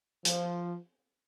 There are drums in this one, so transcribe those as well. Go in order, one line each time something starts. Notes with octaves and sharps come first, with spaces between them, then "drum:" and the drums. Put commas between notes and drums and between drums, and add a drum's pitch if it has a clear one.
F3, drum: hi-hat